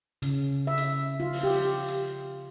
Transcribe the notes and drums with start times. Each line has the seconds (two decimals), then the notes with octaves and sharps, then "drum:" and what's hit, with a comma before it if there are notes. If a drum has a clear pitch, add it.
0.22 C#3, drum: hi-hat
0.67 E5
0.77 drum: hi-hat
1.20 F4
1.33 drum: open hi-hat
1.43 G4
1.88 drum: hi-hat